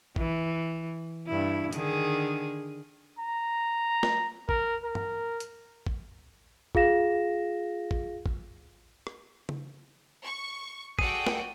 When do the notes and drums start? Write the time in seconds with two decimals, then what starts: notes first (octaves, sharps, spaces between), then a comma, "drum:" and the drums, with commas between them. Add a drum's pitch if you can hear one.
0.16 E3, drum: kick
1.27 G2 E4
1.73 D3 D#3 G#4, drum: hi-hat
3.19 A#5
4.03 drum: snare
4.49 A#4, drum: kick
4.84 A#4
4.95 drum: tom
5.40 drum: hi-hat
5.87 drum: kick
6.75 F4 G#4 F5 A#6 E7, drum: kick
7.91 drum: kick
8.26 drum: kick
9.07 drum: rim click
9.49 drum: tom C#3
10.23 C#6
10.99 F#4 G#4 A4 D5 G5 D#7, drum: kick
11.27 drum: snare